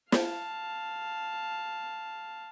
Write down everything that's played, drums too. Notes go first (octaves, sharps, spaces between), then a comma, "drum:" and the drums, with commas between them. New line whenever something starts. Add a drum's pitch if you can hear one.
F5 A5, drum: snare